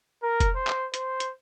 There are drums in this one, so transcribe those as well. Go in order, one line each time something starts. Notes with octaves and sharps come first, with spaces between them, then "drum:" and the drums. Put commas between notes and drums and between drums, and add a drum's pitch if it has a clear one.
A#4
drum: kick F1, hi-hat
C5
drum: clap
C5, drum: hi-hat
drum: hi-hat